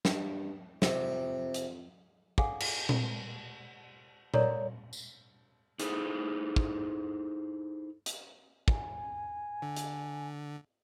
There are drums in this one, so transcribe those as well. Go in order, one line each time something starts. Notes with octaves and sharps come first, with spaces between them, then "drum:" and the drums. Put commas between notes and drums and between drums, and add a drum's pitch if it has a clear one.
G2, drum: snare
F2 C3, drum: snare
drum: hi-hat
G#4 A4 F5 F#5 G#5, drum: kick
drum: cymbal
drum: tom A#2
A4 A#4 C#5 D5 A#5, drum: tom A#2
drum: tambourine
D#4 E4 G#4 A4 C5, drum: hi-hat
drum: kick
drum: hi-hat
G#5, drum: kick
D3
drum: hi-hat